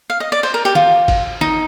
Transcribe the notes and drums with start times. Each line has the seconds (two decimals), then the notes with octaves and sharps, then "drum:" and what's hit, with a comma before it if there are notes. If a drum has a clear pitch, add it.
0.10 F5
0.20 D#5
0.32 D5
0.43 C5, drum: cymbal
0.54 A#4
0.65 G4
0.75 F4, drum: snare
1.08 drum: kick G1, cymbal
1.41 D#4, drum: snare